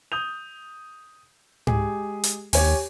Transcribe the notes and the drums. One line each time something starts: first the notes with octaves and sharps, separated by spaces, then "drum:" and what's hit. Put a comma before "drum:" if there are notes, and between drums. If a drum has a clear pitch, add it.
D#6 G6 F7
G#3 G4 G#4, drum: tom G#2
drum: hi-hat
D#2 G4 C#5 G#5, drum: open hi-hat